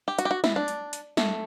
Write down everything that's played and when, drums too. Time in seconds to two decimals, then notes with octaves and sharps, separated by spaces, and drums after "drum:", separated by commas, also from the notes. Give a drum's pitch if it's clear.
0.08 G4
0.19 F#4, drum: hi-hat
0.25 G4
0.31 F#4
0.44 E4, drum: snare
0.56 D4
0.68 drum: hi-hat
0.93 drum: hi-hat
1.17 A3, drum: snare